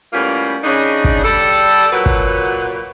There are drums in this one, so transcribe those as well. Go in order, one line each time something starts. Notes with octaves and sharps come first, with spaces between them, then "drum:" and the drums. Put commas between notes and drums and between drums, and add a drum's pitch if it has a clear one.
A2 G3 A#3 B3 C#4 F4
C#3 D4 D#4
drum: kick
G3 A4
A#2 F#3 B4
drum: kick